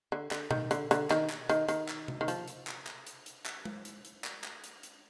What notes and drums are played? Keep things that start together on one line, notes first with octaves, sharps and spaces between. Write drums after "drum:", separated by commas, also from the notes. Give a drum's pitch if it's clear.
D3
D3, drum: clap
D#3, drum: tom B2
D3, drum: hi-hat
D3, drum: hi-hat
D#3, drum: clap
drum: clap
D#3, drum: hi-hat
D#3, drum: hi-hat
drum: clap
drum: tom C3
D#3
F3, drum: hi-hat
drum: hi-hat
drum: clap
drum: clap
drum: hi-hat
drum: hi-hat
drum: clap
drum: tom G#3
drum: hi-hat
drum: hi-hat
drum: clap
drum: clap
drum: hi-hat
drum: hi-hat